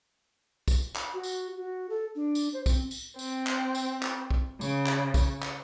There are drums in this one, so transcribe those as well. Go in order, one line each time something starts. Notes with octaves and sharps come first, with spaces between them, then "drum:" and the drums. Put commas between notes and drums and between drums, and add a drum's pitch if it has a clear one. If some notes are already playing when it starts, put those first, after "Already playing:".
drum: kick, tambourine
drum: clap
F#4
drum: tambourine
F#4
A4
D4
drum: tambourine
C5
C4, drum: kick, tambourine
drum: tambourine
C4, drum: tambourine
drum: clap
drum: tambourine
drum: clap
drum: kick
C#3, drum: tambourine
drum: clap
drum: kick, tambourine
drum: clap